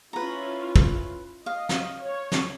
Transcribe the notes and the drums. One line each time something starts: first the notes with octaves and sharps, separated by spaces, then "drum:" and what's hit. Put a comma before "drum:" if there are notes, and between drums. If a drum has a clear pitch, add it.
C#4 E4 F4 B4 A#5
drum: kick
D#5 F5
drum: snare
C#5
drum: snare